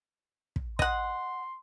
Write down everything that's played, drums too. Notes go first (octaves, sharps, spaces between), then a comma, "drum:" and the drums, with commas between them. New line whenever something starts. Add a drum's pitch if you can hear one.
drum: kick
D#5 F#5 C6, drum: kick